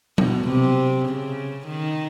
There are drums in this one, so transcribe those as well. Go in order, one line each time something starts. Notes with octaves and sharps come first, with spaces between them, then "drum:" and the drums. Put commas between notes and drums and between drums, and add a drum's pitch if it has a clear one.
B2, drum: tom F#3
C3
C#3
D#3